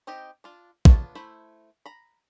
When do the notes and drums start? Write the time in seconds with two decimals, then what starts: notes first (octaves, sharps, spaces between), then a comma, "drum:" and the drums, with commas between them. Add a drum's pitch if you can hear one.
0.07 C4 D#4 G4 D#5
0.44 D4 F4
0.85 B3 D4 F4 C#5 A5, drum: kick
1.15 A3 E4 C5 B5
1.86 A#5 B5